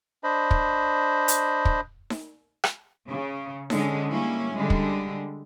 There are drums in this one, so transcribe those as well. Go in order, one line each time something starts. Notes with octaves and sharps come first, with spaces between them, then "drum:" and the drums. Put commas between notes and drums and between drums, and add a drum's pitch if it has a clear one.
D4 C5 D#5 B5
drum: kick
drum: hi-hat
drum: kick
drum: snare D#4
drum: rim click
C#3
D3 G#3 C#4, drum: snare D#4
G3 A#3 C#4 E4
D3 G3 G#3
drum: kick